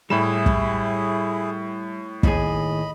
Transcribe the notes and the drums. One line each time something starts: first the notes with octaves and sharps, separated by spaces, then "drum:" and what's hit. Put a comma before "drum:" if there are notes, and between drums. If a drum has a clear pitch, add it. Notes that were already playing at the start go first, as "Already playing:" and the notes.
A2 G3 E4 G#4 B5 E7
drum: kick
D#2 A2 G#4 D#5 B5, drum: kick